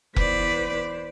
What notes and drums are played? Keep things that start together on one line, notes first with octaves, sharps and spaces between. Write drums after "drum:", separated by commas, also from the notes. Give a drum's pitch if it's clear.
E2 B4 C5 D5 B6, drum: kick F1